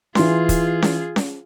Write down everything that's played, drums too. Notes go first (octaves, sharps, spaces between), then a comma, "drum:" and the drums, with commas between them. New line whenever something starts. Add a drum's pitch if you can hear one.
E3 F4 G#4 C6, drum: snare C#4
drum: kick, hi-hat
drum: snare C#4
drum: snare C#4